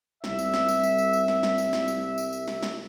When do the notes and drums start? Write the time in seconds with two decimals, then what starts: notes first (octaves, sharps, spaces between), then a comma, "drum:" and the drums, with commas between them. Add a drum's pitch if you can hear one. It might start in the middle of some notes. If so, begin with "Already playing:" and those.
0.24 C2 E5, drum: snare
0.39 drum: tambourine
0.54 drum: snare
0.69 drum: tambourine
0.83 drum: tambourine
0.98 drum: tambourine
1.13 drum: tambourine
1.28 drum: snare
1.43 drum: snare
1.58 drum: tambourine
1.73 drum: snare
1.88 drum: tambourine
2.18 drum: tambourine
2.33 drum: tambourine
2.48 drum: snare
2.63 drum: snare